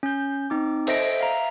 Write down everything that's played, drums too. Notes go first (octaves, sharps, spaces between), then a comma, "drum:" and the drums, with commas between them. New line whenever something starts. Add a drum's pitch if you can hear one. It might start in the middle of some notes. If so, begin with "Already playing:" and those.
C#4 G6
C4 D#4 D6
A4 C5 D#5 E5 A#6 D7, drum: cymbal
E5 F5 A#5